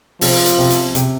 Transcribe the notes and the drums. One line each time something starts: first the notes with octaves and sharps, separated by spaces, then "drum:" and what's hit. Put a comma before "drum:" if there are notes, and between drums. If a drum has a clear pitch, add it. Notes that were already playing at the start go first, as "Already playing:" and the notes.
C3 F3, drum: open hi-hat
drum: hi-hat
C3
drum: hi-hat
C3, drum: hi-hat